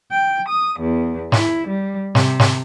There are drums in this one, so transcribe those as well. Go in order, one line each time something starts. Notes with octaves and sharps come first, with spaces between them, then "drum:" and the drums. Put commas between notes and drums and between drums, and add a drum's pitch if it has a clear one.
G5
D#6
E2
E4, drum: snare
G3
C3, drum: snare
drum: snare